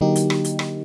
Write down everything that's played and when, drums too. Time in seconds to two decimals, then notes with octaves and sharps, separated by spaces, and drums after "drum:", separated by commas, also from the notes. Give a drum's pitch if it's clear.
0.01 D3 F#3 A#3 D#4 G4
0.16 drum: hi-hat
0.30 drum: rim click
0.44 drum: hi-hat
0.59 drum: rim click